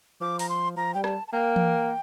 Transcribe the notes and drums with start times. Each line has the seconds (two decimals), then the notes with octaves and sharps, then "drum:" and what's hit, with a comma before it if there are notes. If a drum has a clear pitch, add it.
0.21 F3 D6
0.39 A#5, drum: open hi-hat
0.49 C6
0.77 F3 A#5
0.94 G3 G5
1.04 A5, drum: rim click
1.27 A5
1.32 A#3 G5
1.56 drum: tom E3